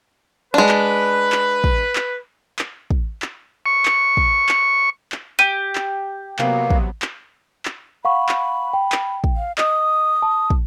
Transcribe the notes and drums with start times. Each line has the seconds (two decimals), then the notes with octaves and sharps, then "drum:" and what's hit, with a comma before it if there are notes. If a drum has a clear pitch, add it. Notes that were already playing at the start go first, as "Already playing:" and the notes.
0.54 G#3 D4 B4
0.69 drum: clap
1.32 drum: clap
1.64 drum: kick
1.95 drum: clap
2.59 drum: clap
2.90 drum: kick
3.22 drum: clap
3.66 C#6
3.85 drum: clap
4.17 drum: kick
4.49 drum: clap
5.12 drum: clap
5.39 G4 D#7
5.75 drum: clap
6.39 C3 F#3 A#3 B3, drum: clap
6.70 drum: kick
7.02 drum: clap
7.65 drum: clap
8.05 F5 F#5 B5 C#6
8.29 drum: clap
8.73 G5
8.92 drum: clap
9.24 drum: kick
9.37 F5
9.58 D#5 D#6, drum: clap
10.22 A5
10.50 drum: kick